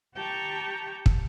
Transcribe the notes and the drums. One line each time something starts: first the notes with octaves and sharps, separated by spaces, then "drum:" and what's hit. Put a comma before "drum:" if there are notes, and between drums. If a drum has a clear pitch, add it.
G4 G5 A5 A#5 C#6
drum: kick